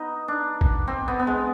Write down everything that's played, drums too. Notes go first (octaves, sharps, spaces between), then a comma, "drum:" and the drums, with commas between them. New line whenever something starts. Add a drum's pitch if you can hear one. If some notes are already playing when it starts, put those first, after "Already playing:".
Already playing: B3 D#4
D4
drum: kick
C4
B3
B3
G#3